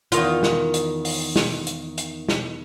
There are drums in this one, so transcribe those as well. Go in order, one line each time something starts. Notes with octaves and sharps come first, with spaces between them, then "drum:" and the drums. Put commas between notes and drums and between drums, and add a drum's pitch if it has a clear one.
E2 D#3 F4, drum: hi-hat
drum: snare
drum: hi-hat
drum: open hi-hat
drum: snare
drum: hi-hat
drum: hi-hat
drum: snare